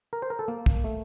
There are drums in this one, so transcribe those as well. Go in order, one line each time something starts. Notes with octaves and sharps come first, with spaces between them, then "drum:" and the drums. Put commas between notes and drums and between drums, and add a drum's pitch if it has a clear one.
A#4
C5
A#4
A4
A#3
drum: kick
A3